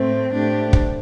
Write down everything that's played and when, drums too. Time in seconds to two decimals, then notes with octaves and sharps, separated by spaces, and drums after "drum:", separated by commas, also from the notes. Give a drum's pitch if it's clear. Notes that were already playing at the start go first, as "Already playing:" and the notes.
Already playing: A2 A3 C4 A#4 C5
0.12 D5
0.32 A2 A3 D4 G4 C5
0.73 drum: kick